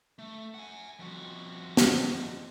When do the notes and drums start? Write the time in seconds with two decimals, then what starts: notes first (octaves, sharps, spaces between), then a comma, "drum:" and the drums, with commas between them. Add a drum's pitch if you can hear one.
0.19 A3
0.54 F#5 G#5
0.99 F2 F#4
1.77 drum: snare